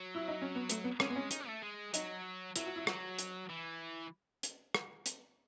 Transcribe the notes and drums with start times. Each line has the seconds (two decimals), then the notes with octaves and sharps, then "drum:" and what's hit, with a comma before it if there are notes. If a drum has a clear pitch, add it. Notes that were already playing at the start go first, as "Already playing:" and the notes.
Already playing: F#3
0.15 E4
0.28 D#4
0.42 C#4
0.55 B3
0.69 A3, drum: hi-hat
0.84 B3
1.00 G#3 C#4, drum: rim click
1.10 B3
1.16 C#4
1.31 D#4, drum: hi-hat
1.47 A3
1.62 G#3
1.94 F#3 D#4, drum: hi-hat
2.56 F#3 E4, drum: hi-hat
2.66 F#4
2.76 E4
2.87 F#3 F#4, drum: rim click
3.19 drum: hi-hat
3.49 E3
4.43 drum: hi-hat
4.75 drum: rim click
5.06 drum: hi-hat